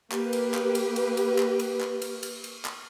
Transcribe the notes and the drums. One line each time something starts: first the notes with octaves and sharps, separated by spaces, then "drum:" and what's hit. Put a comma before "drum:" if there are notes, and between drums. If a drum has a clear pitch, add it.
A#3 G4 B4, drum: clap
drum: cymbal
drum: clap
drum: cymbal
drum: cymbal
drum: cymbal
drum: clap
drum: cymbal
drum: clap
drum: cymbal
drum: cymbal
drum: cymbal
drum: clap